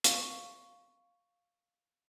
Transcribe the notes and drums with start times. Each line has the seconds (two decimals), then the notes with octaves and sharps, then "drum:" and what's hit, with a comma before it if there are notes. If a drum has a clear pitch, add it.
0.04 F5 C#6, drum: hi-hat